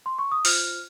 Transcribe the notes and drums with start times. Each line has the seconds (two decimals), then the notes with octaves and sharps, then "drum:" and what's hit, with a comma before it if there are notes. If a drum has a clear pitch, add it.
0.06 C6
0.19 C#6
0.32 D#6
0.45 F4 C5 F6, drum: open hi-hat